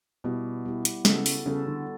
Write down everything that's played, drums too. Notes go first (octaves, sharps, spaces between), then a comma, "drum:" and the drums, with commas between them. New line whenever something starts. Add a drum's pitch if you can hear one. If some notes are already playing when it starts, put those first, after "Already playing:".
B2 G3 B3 E4 G4
G3 B3 E4 G4
drum: hi-hat
C#3 G3 B3 F#4 A4, drum: snare
drum: open hi-hat
C#3 G3 B3 F#4 A4
D3